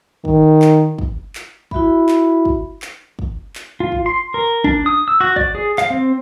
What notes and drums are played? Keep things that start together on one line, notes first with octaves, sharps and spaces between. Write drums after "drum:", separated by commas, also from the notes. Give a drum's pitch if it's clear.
D#3, drum: kick
drum: clap
drum: kick
drum: clap
E4 F#4 E5 B5, drum: kick
drum: clap
drum: kick
drum: clap
drum: kick
drum: clap
F4
drum: kick
C6
A#4
D4, drum: kick
D#6
E6
F#4
D5, drum: kick
G#4
F5, drum: clap
C4